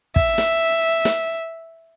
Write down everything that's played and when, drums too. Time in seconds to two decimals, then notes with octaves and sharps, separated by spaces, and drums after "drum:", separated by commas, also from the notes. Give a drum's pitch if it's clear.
0.16 E5, drum: kick
0.38 drum: snare
1.05 drum: snare